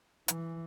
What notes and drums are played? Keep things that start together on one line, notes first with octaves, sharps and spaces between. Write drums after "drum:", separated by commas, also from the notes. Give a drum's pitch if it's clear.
E3, drum: hi-hat